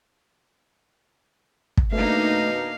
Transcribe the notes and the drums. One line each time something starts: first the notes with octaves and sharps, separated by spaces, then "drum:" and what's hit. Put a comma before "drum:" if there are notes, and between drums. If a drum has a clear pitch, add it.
drum: kick
B2 A3 A#3 D4 D#4 F5